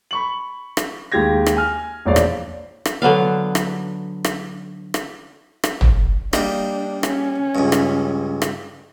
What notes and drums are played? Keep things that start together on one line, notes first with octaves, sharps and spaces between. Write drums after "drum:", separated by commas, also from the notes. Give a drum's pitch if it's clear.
B5 C#6 F#7
drum: rim click
D#2 G#3 G4 F5 G#6 A#6
drum: rim click
G#5 F6
E1 A#1 C#5 D5 F5
drum: rim click
drum: rim click
D3 F#3 B3 F5
drum: rim click
drum: rim click
drum: rim click
drum: rim click
drum: tom
G3 A#3 D4 D#4, drum: rim click
C#4, drum: rim click
C#2 G2
drum: rim click
drum: rim click